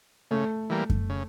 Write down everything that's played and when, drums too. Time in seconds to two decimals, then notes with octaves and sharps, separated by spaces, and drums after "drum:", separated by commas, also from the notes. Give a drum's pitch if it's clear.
0.31 C#3 A3
0.70 E3 G3 A#3
0.90 drum: kick F#2
1.10 C#3